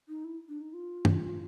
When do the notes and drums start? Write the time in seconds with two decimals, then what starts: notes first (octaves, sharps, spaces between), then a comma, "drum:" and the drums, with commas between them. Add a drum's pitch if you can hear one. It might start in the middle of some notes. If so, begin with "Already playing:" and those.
0.08 D#4
0.24 E4
0.49 D4
0.61 D#4
0.73 F4
1.05 drum: tom